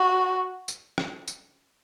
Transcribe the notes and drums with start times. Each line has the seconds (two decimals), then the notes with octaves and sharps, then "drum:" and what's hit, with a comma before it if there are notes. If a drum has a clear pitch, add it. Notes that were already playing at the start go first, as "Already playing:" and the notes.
Already playing: F#4
0.68 drum: tambourine
0.98 drum: rim click
1.28 drum: tambourine